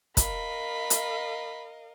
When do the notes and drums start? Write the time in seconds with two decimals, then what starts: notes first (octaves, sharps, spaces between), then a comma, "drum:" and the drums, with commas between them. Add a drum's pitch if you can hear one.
0.17 A#4 D#5 F5 B5, drum: kick, hi-hat
0.90 drum: hi-hat